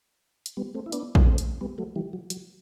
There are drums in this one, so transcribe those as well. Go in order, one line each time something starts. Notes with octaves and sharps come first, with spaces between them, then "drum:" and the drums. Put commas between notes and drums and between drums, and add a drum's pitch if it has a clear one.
drum: hi-hat
G3 B3
A3 C4
E4
B3 D4, drum: hi-hat
drum: kick A#1
A3 C4
drum: hi-hat
G3 B3
F#3 A3
E3 G3
F#3
F#3, drum: hi-hat